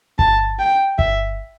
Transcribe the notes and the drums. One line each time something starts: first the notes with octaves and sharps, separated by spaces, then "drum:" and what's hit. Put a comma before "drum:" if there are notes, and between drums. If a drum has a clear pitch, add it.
A5, drum: kick G1
G5
E5, drum: kick G1